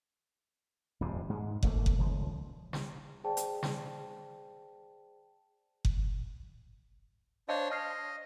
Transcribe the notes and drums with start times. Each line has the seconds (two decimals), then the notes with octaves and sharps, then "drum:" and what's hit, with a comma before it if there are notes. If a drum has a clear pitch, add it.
1.01 D#1 F2 G#2 C3
1.30 G#2 G#3
1.63 G#1 A3 A#3, drum: kick F#1
1.86 drum: kick F#1
1.98 D#1 C#2 F3
2.73 drum: snare
3.24 G#4 C5 D5 G5 A5
3.37 drum: hi-hat
3.63 drum: snare
5.85 drum: kick F#1
7.49 D4 C5 C#5 D#5 F5 A5
7.70 D#5 A5 F6 C7